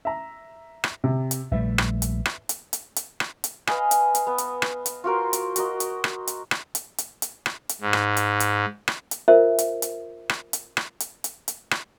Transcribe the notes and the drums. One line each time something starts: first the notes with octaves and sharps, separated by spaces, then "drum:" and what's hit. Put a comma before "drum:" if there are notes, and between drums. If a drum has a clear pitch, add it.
E5 A#5
drum: rim click
C3
drum: hi-hat
A#1 G3 A3 B4 E5
drum: rim click
drum: hi-hat
drum: rim click
drum: hi-hat
drum: hi-hat
drum: hi-hat
drum: rim click
drum: hi-hat
B4 D#5 F5 G#5, drum: rim click
drum: hi-hat
drum: hi-hat
B3
drum: hi-hat
drum: rim click
drum: hi-hat
F4 F#4 A#4 C5
drum: hi-hat
F#4 A#4 D#5, drum: hi-hat
drum: hi-hat
drum: rim click
drum: hi-hat
drum: rim click
drum: hi-hat
drum: hi-hat
drum: hi-hat
drum: rim click
drum: hi-hat
G#2
drum: rim click
drum: hi-hat
drum: hi-hat
drum: rim click
drum: hi-hat
F4 A#4 C5 E5
drum: hi-hat
drum: hi-hat
drum: rim click
drum: hi-hat
drum: rim click
drum: hi-hat
drum: hi-hat
drum: hi-hat
drum: rim click